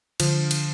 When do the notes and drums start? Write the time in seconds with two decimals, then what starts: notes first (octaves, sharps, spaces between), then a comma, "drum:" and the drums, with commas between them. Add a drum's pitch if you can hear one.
0.20 D3 F3, drum: cymbal
0.51 drum: cymbal